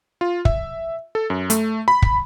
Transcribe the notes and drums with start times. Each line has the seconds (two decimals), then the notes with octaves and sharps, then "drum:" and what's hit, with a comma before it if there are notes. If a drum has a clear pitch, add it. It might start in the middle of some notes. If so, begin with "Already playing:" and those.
0.21 F4
0.45 E5, drum: kick
1.15 A4
1.30 F#2
1.50 A3, drum: hi-hat
1.88 B5
2.02 drum: kick